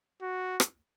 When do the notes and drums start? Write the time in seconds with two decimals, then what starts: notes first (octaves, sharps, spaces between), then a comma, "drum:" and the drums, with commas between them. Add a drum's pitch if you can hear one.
0.22 F#4
0.60 drum: rim click